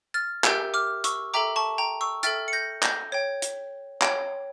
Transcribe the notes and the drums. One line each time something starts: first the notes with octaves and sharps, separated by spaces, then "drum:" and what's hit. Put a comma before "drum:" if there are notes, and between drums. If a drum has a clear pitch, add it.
F6 A6
G4 A#4 E5 G5 E6 G6, drum: clap
D6 F6
C#6 E6, drum: hi-hat
A4 E5 G5 A#5 D6
A5 C#6
G5 A#5
C#6 E6
A4 E5 G5 F6 A6, drum: hi-hat
C#7
G6 A#6
G6 A#6, drum: clap
C#5 G5
drum: hi-hat
C#5 G5, drum: clap